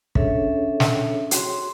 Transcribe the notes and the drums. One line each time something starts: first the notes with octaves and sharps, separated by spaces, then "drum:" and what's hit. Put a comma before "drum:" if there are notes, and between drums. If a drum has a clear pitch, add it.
C#4 D4 G#4 A4 C#5 E5, drum: kick
drum: snare
F#4 G#4 C#5 C6, drum: hi-hat